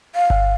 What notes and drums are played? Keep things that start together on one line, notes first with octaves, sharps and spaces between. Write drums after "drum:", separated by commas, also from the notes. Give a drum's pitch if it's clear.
F5
drum: kick G1